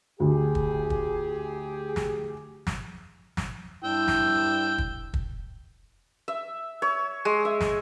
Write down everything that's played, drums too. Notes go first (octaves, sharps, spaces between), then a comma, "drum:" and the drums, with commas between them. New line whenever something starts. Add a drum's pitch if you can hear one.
D2 G4 G#4
drum: kick
drum: kick
drum: snare
drum: snare
drum: snare
G2 D4 E4 G5 E6
drum: snare
drum: kick
drum: kick
E5
C#5
G#3
E5
drum: snare